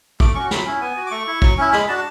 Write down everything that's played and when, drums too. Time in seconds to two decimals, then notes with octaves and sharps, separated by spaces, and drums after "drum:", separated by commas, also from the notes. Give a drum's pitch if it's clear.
0.20 A3 D6, drum: kick
0.35 C#4 F#4 C#6
0.51 F#3 B5, drum: snare
0.65 C#4 E4
0.81 B3 G#5
0.97 F#4
1.06 D6
1.11 A3 C#6
1.27 E4
1.42 F#3, drum: kick
1.58 C#4 E4
1.73 G#3 B5, drum: snare
1.88 D4 F#4 A5